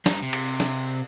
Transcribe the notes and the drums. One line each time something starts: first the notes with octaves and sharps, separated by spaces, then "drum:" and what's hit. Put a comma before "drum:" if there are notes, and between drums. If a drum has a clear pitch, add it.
G2 D#4, drum: snare
C3
drum: cymbal
drum: snare